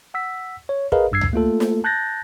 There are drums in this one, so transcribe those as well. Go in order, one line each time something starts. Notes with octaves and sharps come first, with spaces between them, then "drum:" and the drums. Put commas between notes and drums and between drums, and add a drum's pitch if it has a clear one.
F#5 E6 B6
C#5
G#4 A#4 B4 D#5 F5, drum: kick
A1 G2 E6 G#6 C7
drum: tom C#2
A3 A#3 F4 A4
drum: snare
A5 F#6 G6 A6 A#6